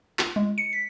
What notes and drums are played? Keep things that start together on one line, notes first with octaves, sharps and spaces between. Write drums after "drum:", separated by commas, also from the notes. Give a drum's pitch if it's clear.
F4, drum: clap
G#3
C#7
B6